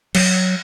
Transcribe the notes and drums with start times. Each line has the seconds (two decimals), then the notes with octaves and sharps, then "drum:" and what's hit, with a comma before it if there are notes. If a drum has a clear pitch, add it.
0.15 F#3, drum: cymbal